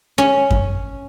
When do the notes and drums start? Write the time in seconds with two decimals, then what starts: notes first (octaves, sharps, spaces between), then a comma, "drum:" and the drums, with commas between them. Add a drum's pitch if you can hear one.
0.18 C#4
0.51 drum: kick F#2